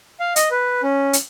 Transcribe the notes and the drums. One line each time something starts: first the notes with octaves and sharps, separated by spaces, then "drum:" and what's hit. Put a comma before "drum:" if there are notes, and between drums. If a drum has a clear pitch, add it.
F5
D#5, drum: hi-hat
B4
C#4
drum: hi-hat